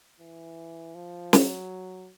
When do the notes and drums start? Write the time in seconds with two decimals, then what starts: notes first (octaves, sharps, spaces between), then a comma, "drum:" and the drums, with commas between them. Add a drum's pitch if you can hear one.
0.20 E3
0.95 F3
1.33 F#3, drum: snare